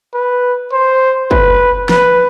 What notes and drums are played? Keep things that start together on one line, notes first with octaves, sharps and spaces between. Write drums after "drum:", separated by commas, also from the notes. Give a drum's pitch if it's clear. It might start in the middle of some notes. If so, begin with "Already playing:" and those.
B4
C5
B4, drum: kick
B4, drum: snare